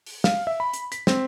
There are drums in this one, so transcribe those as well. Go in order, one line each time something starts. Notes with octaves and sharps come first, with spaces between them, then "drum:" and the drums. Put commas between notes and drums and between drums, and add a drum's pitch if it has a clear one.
drum: open hi-hat
F5, drum: snare
E5
B5
drum: hi-hat
B6, drum: hi-hat
C4, drum: snare